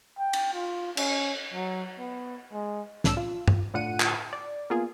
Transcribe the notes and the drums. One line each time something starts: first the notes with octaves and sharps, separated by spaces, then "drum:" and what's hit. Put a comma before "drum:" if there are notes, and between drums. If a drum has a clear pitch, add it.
G5
drum: cymbal
F4
C#4, drum: cymbal
F#3
B3
G#3
C2 A2 C#4 D4 E6, drum: snare
F4
drum: tom
A2 D3 F4 F#5 C#7 D#7
drum: clap
D5
A#3 B3 F4 G#4